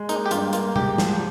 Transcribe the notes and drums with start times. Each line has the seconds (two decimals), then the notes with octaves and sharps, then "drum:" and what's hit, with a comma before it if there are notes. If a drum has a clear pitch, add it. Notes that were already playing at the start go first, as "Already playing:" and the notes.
Already playing: G#3
0.09 A#3 D#4, drum: hi-hat
0.26 G4
0.31 G2 F4, drum: hi-hat
0.53 A#3 F4, drum: hi-hat
0.76 G#2 G4, drum: tom C3
0.98 F3, drum: snare